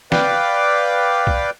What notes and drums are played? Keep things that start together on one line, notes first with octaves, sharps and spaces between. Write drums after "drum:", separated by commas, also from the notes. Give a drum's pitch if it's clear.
B4 D5 F5 G5 D6, drum: snare
drum: kick B1